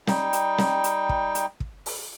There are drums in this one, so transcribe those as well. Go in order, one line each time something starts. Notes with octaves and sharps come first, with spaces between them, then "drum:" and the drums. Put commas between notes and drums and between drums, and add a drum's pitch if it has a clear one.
G3 D#4 G5, drum: snare
drum: hi-hat
drum: snare
drum: hi-hat
drum: kick
drum: hi-hat
drum: kick
drum: open hi-hat